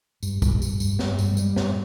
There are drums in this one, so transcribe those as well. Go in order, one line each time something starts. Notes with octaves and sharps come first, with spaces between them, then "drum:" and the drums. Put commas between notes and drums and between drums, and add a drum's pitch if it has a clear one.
G2, drum: tambourine
G2, drum: kick, tambourine
G2, drum: tambourine
G2, drum: tambourine
G2, drum: snare
G2, drum: tambourine
G#3
G2 G3, drum: tambourine
G2, drum: snare